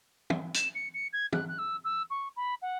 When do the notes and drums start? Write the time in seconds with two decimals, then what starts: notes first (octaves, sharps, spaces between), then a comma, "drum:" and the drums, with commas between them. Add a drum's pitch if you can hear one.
0.30 drum: tom
0.54 E7, drum: hi-hat
0.75 C#7
0.94 C#7
1.13 G#6
1.33 F#6, drum: tom
1.48 F#6
1.58 E6
1.84 E6
2.10 C#6
2.36 B5
2.62 F#5